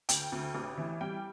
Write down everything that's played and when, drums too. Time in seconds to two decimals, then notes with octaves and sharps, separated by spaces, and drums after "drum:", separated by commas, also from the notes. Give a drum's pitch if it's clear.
0.09 D2 G5, drum: hi-hat
0.32 D2
0.55 A1
0.77 E3
1.01 G3 G5